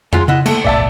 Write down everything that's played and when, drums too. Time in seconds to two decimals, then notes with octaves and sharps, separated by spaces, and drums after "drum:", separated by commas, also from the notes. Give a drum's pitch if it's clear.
0.13 F#3 G#3 F4, drum: tom F2
0.28 C#3 E4 D#5 F#5
0.46 D2 A3 A#3, drum: cymbal
0.65 D#1 B1 A2 D5 E5 A5